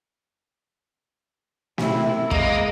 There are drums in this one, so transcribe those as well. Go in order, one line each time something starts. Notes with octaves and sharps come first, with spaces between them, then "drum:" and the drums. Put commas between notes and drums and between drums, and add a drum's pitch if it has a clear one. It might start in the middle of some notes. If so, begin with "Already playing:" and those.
C3 E4, drum: snare
G#3 A#3 D#5, drum: kick